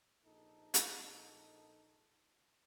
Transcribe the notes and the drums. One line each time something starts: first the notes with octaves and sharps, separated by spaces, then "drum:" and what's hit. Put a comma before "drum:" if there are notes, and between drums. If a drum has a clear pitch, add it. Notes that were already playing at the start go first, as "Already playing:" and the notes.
A#1 D#4 A4
drum: hi-hat